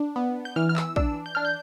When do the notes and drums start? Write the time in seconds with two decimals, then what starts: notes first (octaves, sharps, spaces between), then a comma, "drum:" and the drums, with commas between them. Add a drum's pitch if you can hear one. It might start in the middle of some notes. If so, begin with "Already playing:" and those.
Already playing: D4
0.16 B3
0.45 G6
0.56 E3 F6
0.69 F6
0.76 E6, drum: clap
0.96 D4 E6, drum: kick
1.26 G6
1.35 D4 F6
1.45 G6